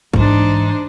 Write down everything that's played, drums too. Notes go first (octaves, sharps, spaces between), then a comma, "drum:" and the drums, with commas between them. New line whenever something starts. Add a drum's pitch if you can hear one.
G#2 E3 D4 D#4 C5, drum: kick